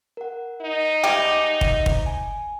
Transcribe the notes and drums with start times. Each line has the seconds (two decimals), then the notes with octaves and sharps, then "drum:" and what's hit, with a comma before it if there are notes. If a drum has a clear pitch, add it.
0.17 A#4 F#5
0.62 D#4
1.04 G3 G#3 G4 C5 E5 F#5
1.61 drum: kick
1.86 drum: kick
2.06 G#5